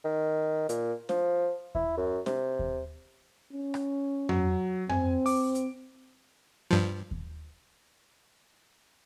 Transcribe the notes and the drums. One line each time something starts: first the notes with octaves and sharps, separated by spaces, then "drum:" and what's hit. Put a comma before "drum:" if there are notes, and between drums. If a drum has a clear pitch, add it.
D#3
A#2, drum: hi-hat
F3, drum: snare
E4, drum: kick D#2
F#2
C3, drum: snare
drum: kick D#2
C#4
drum: rim click
F#3, drum: tom F2
C4 G#5, drum: tom F2
D6, drum: open hi-hat
drum: hi-hat
G2 F3
drum: kick D#2